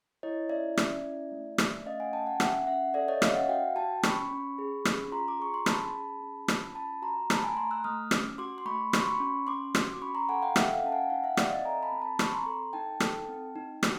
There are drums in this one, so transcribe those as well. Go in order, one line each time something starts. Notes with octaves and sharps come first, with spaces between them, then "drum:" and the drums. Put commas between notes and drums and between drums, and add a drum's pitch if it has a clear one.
E4 C#5 D#5
C#4 D5 E5
C#4, drum: rim click
E4
A3
A3, drum: rim click
C#4 D#5 F5
F#5 G#5
C#4 G5 A5
F#5 G#5
C#4 E5 F#5, drum: rim click
C#4 E5 F#5
A4 D5 E5
C#5 D#5
C#4 D#5 F5, drum: rim click
E5 F#5
F#4 F5 G5
F#4 G5 A5
C#4 B5 C#6, drum: rim click
C#4
G#4
C#4, drum: rim click
F4 A#5 C6
D6
G#4 C#6
C6
C#4 A5 B5, drum: rim click
G#4
C#4
F4, drum: rim click
C#4 A5 B5
F#4 A#5 C6
A3 A5 B5, drum: rim click
G#5 A#5
A3 A#5 C6
E6 F#6
A3 D#6 F6
C#4 D6 E6, drum: rim click
F#4 C6 D6
C6
A3 B5 C#6
F#4 C#6, drum: rim click
C6
B5 C#6
C#4
C#4 C6 D6
F#4, drum: rim click
D6
C#4 B5 C#6
A#5 C6
A4 F#5 G#5
F5 G5
A4 E5 F#5, drum: rim click
F5 G5
C#4 A5
F#5 G#5
D#4 F5 G5
E5 F#5
C4 D5 E5, drum: rim click
D#5 F5
A4 G#5 A#5
A5 B5
C4
A5 B5
C4 B5 C#6, drum: rim click
A#5 C6
A4
D#4 G5 A5
A4, drum: rim click
C4
D#4
F#4, drum: rim click